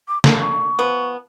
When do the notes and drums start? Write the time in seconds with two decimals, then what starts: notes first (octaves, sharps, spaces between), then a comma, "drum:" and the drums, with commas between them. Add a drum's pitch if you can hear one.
0.08 D6
0.24 D3 A#3 A4, drum: snare
0.38 C#6
0.79 F3 B3